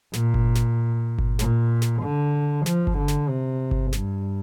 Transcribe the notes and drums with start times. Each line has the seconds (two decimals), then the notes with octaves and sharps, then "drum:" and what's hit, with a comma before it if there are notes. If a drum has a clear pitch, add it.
0.13 A#2, drum: snare
0.34 drum: kick G1
0.55 drum: snare
1.18 drum: kick G1
1.39 A#2, drum: snare
1.82 drum: snare
2.03 D3
2.66 F3, drum: snare
2.87 drum: kick G1
2.98 D3
3.08 drum: snare
3.29 C3
3.71 drum: kick G1
3.93 G2, drum: snare